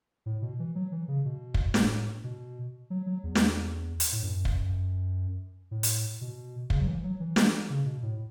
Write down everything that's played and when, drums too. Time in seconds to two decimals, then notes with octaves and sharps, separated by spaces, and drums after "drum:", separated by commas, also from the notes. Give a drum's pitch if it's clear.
0.26 A2
0.42 B2
0.59 E3
0.75 F#3
0.92 E3
1.08 C#3
1.25 B2
1.54 drum: kick
1.74 A2, drum: snare
2.24 B2
2.90 F#3
3.06 F#3
3.24 E2
3.35 drum: snare
4.00 drum: hi-hat
4.12 A2
4.23 F#2
4.45 drum: kick
5.71 A2
5.83 drum: hi-hat
6.21 B2
6.70 C#3, drum: kick
6.81 F#3
6.87 E3
7.04 F#3
7.20 E3
7.36 drum: snare
7.70 C#3
7.85 B2
8.03 A2